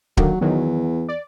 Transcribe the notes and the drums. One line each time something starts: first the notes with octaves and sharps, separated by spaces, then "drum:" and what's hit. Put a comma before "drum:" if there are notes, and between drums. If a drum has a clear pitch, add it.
D3 D#3 F#3 A#3, drum: kick D1
E2 D#3 F#3
D5